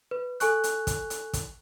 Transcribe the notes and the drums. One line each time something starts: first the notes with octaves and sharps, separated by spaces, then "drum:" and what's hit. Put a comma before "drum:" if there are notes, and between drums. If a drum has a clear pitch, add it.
B4
A4 G#5 C#6 F#6, drum: hi-hat
drum: hi-hat
drum: kick, hi-hat
drum: hi-hat
drum: kick, hi-hat